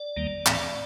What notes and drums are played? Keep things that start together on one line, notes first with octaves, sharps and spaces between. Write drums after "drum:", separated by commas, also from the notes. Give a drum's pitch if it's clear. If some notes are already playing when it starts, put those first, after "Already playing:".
Already playing: D5
D#2 D#3 G3 A#3
A2 E3 A3 C4, drum: clap